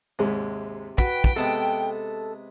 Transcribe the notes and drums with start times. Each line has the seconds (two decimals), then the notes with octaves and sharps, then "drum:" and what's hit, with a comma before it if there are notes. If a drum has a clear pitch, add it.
0.19 D#2 G#2 C3 G#3
0.98 F#4 B4 G5, drum: kick
1.24 drum: kick
1.36 C3 G#3 B3 A4 A5